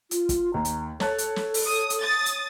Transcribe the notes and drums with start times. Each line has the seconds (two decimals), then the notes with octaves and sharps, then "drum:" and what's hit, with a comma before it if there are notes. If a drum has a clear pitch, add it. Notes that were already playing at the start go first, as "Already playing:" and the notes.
0.11 F4, drum: hi-hat
0.29 drum: kick, hi-hat
0.54 D#2 A#5
0.65 drum: hi-hat
1.00 A4 C#5 A5 F#6, drum: snare
1.18 drum: hi-hat
1.36 drum: snare
1.54 drum: open hi-hat
1.65 D#6
1.90 drum: hi-hat
2.00 D#6 A6
2.26 drum: hi-hat